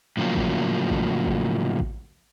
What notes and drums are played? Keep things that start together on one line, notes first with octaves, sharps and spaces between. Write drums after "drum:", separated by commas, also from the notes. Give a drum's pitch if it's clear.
A2 C#3 F3 F#3 A#3
drum: kick A1
drum: kick A1
drum: kick A1
drum: kick A1